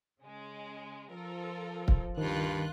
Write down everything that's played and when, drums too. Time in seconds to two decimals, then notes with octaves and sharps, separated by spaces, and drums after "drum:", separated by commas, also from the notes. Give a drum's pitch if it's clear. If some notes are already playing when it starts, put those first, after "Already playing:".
0.20 C#3 G#3
1.10 F3 F4 A4 A#4
1.88 drum: kick C#1
2.18 C#2 G2 D#3 F4 F#6